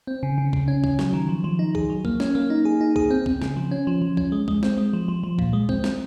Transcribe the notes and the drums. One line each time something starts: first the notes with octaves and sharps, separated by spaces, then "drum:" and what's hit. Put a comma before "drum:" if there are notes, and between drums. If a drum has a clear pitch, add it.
C4
C#3
C#3
C#3, drum: kick
C#4
C#4, drum: kick
F#3, drum: snare
D#3
F3
F3
D#4
G#4, drum: kick
F#3
A#3, drum: kick
C#4, drum: snare
A#3
D#4
G#4
D#4
G#4, drum: kick
C4
C4, drum: kick
C#3, drum: snare
F3
C#4
F3
F3
C#4, drum: kick
G#3
G#3, drum: kick
C4, drum: snare
G#3
F3
F3
F3
A#2, drum: kick
G#3
C4, drum: kick
C4, drum: snare